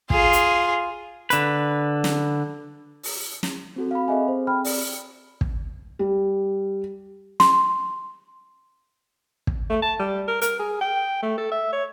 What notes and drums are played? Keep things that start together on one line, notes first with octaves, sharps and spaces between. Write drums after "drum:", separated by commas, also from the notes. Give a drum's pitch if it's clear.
F4 G#4, drum: kick
drum: hi-hat
D3 B4, drum: hi-hat
drum: snare
drum: open hi-hat
drum: snare
C4 F#4 A4
F5 B5
C4 G#4 A4 D#5 E5 G#5
C5
G5 B5 F6
D5, drum: open hi-hat
drum: kick
G3
C6, drum: snare
drum: kick
A3
A5
G3
A#4
A#4, drum: hi-hat
G#4
G5
A3
A4
E5
C#5